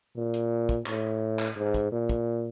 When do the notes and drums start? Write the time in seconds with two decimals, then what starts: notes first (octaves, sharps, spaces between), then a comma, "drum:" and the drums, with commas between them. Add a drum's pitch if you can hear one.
0.16 A#2
0.34 drum: hi-hat
0.69 drum: kick, hi-hat
0.86 A2, drum: clap
1.39 drum: clap
1.57 G#2
1.74 drum: kick, hi-hat
1.92 A#2
2.09 drum: kick, hi-hat